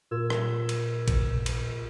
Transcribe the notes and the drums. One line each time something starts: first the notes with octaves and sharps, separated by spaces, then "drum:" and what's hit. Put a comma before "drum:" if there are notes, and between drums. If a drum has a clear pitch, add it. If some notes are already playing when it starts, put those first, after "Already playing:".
A#2 F4 A#4 E6 G#6 E7
drum: rim click
drum: cymbal
drum: kick A1, cymbal
drum: cymbal